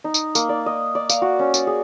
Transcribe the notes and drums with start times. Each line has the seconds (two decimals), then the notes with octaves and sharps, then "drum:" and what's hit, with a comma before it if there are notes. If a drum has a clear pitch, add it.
0.04 D#4
0.14 drum: tambourine
0.35 A#3, drum: tambourine
0.49 D5
0.66 D#5
0.95 D5
1.10 F5, drum: tambourine
1.22 F#4
1.39 C#4
1.54 D5, drum: tambourine
1.67 G#4